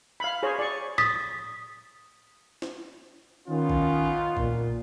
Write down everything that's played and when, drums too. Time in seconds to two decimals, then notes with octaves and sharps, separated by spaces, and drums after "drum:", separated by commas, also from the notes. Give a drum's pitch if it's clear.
0.20 F5 B5
0.43 G#4 C5 C#5
0.59 D5 C#6
0.98 D#6 A6 B6, drum: tom A2
2.62 drum: snare
3.49 D#3 B3 C#4 D#4 F4
3.70 drum: kick A#1
4.37 A#2, drum: kick A#1